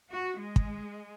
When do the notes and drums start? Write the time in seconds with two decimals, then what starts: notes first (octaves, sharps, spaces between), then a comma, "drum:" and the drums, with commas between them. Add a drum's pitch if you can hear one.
0.10 F#4
0.39 G#3
0.56 drum: kick